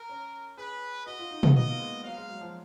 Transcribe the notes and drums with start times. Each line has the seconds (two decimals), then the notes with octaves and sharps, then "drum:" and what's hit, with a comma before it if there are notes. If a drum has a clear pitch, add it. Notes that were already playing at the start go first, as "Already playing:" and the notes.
Already playing: A#4
0.09 C#4
0.58 G#4 B4
1.06 F#4 D#5
1.19 F4
1.31 D#4
1.43 B3, drum: tom
1.56 B3 D#5
1.68 A#3
1.80 G#3
2.04 F#3 F5
2.17 G#3
2.29 F#3
2.41 F3